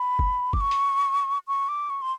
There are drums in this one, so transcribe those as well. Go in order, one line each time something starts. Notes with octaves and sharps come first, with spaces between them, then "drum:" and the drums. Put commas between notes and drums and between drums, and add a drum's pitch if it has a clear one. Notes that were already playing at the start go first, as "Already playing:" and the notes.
Already playing: B5
drum: kick
D6, drum: kick
C#6
drum: hi-hat
C#6
D6
C#6
C6